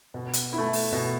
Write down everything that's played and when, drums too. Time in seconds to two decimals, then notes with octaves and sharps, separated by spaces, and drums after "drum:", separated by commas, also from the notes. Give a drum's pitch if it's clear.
0.14 B2
0.33 drum: hi-hat
0.53 E4
0.58 A3
0.73 drum: open hi-hat
0.93 B2